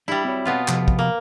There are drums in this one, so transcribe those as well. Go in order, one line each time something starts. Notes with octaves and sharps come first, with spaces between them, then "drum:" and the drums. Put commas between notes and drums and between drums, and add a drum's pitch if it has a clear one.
G3 D4 E4 G4
C4 F#4 C#5
B2 B3 F4
C3 F3 G4, drum: clap
drum: kick
A#3